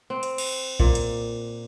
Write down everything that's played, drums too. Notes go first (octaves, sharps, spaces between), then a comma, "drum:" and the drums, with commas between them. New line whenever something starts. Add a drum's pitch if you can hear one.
C4
drum: hi-hat
drum: cymbal
A#2, drum: kick B1
drum: hi-hat